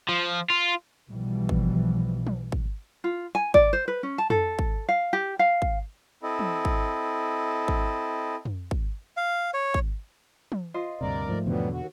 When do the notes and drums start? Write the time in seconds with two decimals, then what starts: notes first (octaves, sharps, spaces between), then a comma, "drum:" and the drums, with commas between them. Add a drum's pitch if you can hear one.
0.09 F3
0.50 F4
1.11 B1 B2 E3 F3 G3
1.49 drum: kick
2.27 drum: tom
2.52 drum: kick
3.04 F4
3.35 G#5
3.54 D5, drum: kick
3.73 C5
3.88 B4
4.03 C#4
4.18 A5
4.30 A4, drum: tom
4.59 drum: kick
4.89 F5
5.13 G4
5.39 F5
5.62 drum: kick
6.23 C4 E4 A4 D#5
6.39 drum: tom
6.65 drum: kick
7.68 drum: kick
8.45 drum: tom
8.71 drum: kick
9.17 F5
9.54 C#5
9.74 drum: kick
10.52 drum: tom
10.74 F4 C5 D#5
11.01 D2 G2 C3 A#4 D5
11.28 G#2 F3 A3
11.46 E2 B2 D3 F#3 G3 B3
11.71 D#2 F#4